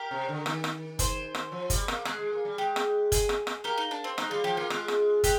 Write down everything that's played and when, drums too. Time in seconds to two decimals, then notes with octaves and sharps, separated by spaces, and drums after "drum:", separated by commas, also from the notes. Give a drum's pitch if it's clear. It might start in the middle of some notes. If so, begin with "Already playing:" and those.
Already playing: G4 A#4
0.11 C3
0.29 D3
0.46 D#3, drum: rim click
0.64 drum: rim click
0.99 G#4 C5, drum: kick, hi-hat
1.35 drum: rim click
1.52 F3
1.70 G3, drum: kick, hi-hat
1.88 A#3, drum: rim click
2.05 G#3 G#4, drum: rim click
2.19 G#3
2.32 A#3
2.45 G3
2.58 G#3 G4
2.76 drum: rim click
3.12 G#4, drum: kick, hi-hat
3.29 drum: rim click
3.47 drum: rim click
3.64 A#3 G4 A#4
3.78 D#4
3.91 D4
4.04 C4
4.18 G#3 D#4, drum: rim click
4.31 G3 F4
4.44 F3 G4
4.57 A#3 F4
4.70 G#3 F4, drum: rim click
4.88 drum: rim click
5.24 G#3 G4, drum: kick, hi-hat